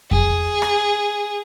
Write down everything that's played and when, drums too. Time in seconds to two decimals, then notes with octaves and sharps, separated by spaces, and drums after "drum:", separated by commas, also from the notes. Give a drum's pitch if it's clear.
0.11 G#4, drum: kick F2
0.62 drum: rim click